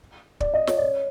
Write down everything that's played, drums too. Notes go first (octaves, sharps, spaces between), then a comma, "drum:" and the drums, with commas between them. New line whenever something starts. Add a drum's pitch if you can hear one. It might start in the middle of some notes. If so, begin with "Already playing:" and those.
D5, drum: kick
D#5
C#5, drum: snare
D5
C#5